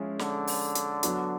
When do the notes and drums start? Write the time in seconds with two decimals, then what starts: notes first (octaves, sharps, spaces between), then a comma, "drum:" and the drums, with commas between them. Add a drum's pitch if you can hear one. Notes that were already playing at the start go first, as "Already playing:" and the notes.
Already playing: F3 G#3 C#4 E4
0.19 D3, drum: snare
0.47 drum: open hi-hat
0.75 drum: hi-hat
1.03 F#3 B3 D4, drum: hi-hat